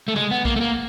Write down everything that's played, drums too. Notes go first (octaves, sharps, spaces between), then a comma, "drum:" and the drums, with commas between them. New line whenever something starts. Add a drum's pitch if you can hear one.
A3
G#3, drum: tom C3
B3
A#3, drum: kick B1
A3
A#3